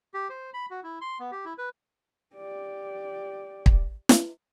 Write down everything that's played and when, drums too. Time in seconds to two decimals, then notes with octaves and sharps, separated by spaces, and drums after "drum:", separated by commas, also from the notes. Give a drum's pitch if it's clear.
0.14 G4
0.30 C5
0.54 B5
0.71 F#4
0.83 E4
1.01 C6
1.19 B3
1.31 G4
1.45 E4
1.58 B4
2.36 G4 D5
3.66 drum: kick
4.09 drum: snare